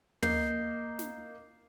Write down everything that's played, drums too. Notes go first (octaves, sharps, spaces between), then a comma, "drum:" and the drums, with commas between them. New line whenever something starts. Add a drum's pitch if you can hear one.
A#3 D#5 G6 C7, drum: tom
drum: snare